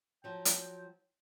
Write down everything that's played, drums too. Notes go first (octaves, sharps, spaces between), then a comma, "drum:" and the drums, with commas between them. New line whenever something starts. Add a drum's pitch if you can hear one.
F3 F#3 G5
drum: hi-hat